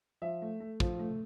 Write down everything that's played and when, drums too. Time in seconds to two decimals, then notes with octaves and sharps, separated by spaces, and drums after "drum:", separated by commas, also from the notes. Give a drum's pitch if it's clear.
0.22 F3 E5
0.42 A3
0.60 A3
0.80 F3, drum: kick
0.99 A3